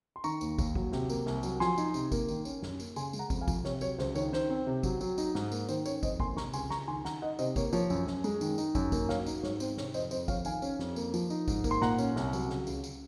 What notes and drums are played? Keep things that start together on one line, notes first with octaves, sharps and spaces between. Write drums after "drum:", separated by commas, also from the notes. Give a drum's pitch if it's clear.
C6
D#3 A#5 C#6, drum: tambourine
D#2, drum: tambourine
D#2, drum: kick, tambourine
F#3, drum: kick
C3, drum: snare
A#3, drum: tambourine
C2, drum: snare
F#3, drum: tambourine
F3 G#5 C6, drum: snare
D#4, drum: tambourine
C3, drum: tambourine
A#3, drum: kick, tambourine
D#3, drum: tambourine
C#4, drum: tambourine
F#2, drum: snare
A#3, drum: tambourine
C#3 G#5 C6, drum: tambourine
G#3, drum: tambourine
F#5 A#5
F2, drum: kick, tambourine
F5 G#5
F3, drum: kick, tambourine
C3 C#5, drum: snare
F#3 C#5, drum: tambourine
C#2 C5, drum: snare
D#3 C#5, drum: tambourine
D#3 C5, drum: snare
C4
C3
F#3, drum: kick, tambourine
F#3, drum: tambourine
D#4, drum: tambourine
G#2, drum: snare
A#3, drum: tambourine
D#3 C5, drum: tambourine
C#4 C#5, drum: tambourine
F2 C5 D#5, drum: kick, tambourine
A#3 G#5 C6, drum: kick
C3 A#5 C#6, drum: snare
C#2 G#5 C6, drum: tambourine
C#2 A#5 C#6, drum: snare
D#3 G#5 C6
D#3 F#5 A#5, drum: snare
D#4 D#5 F#5
C3 C5 D#5, drum: tambourine
A#3 C#5, drum: kick, tambourine
F3 C#5, drum: tambourine
F#2, drum: tambourine
F#2, drum: snare
G#3, drum: tambourine
D#3, drum: tambourine
D#4, drum: tambourine
F#2, drum: kick, tambourine
A#3, drum: kick, tambourine
F#3 C#5 F5, drum: snare
D#4, drum: tambourine
G#2 C#5, drum: snare
C4 C5, drum: tambourine
C3 C#5, drum: snare
F2 C5 D#5, drum: tambourine
F2 C5 D#5, drum: tambourine
F3 C#5 F5, drum: kick, tambourine
D#3 F5 G#5, drum: tambourine
C#4, drum: tambourine
F2, drum: snare
A#3, drum: tambourine
F3, drum: tambourine
D#4, drum: tambourine
G#2, drum: kick, tambourine
A#3, drum: kick, tambourine
C6
A#2 F#5 A#5, drum: snare
C#4, drum: tambourine
C2, drum: snare
F#3, drum: tambourine
C#3, drum: snare
C#2, drum: tambourine
drum: tambourine